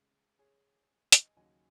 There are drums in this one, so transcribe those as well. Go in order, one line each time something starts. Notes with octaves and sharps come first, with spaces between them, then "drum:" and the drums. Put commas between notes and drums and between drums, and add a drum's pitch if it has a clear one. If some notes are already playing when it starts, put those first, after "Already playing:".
Already playing: C#3 G#3
G#4 C#5
D#5 G#5, drum: hi-hat
D#2 C#3 F#3 D#5 G#5